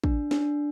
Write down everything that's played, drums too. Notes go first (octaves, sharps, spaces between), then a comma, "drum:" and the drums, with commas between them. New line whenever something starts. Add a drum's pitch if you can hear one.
D4, drum: kick
D4, drum: snare